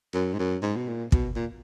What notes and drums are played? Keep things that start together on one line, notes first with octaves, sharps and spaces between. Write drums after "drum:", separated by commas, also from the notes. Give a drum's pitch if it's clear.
F#2
G#2
F#2
G#2
B2
A#2
B2, drum: kick
A#2